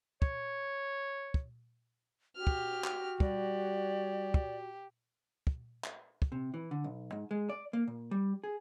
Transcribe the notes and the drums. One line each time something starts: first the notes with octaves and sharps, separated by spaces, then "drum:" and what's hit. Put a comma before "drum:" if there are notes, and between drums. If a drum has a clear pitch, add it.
C#5, drum: kick
drum: kick
F#4 G4 F6
drum: kick
drum: clap
G3 G4 D5, drum: kick
drum: kick
drum: kick
drum: clap
drum: kick
C3
E3
D3
B1
G#2
G#3
D5
A#3
A#2
G3
G#4